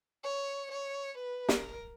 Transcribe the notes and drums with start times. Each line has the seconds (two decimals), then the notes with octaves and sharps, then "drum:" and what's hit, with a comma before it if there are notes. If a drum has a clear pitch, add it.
0.24 C#5
0.71 C#5
1.17 B4
1.49 A#4, drum: snare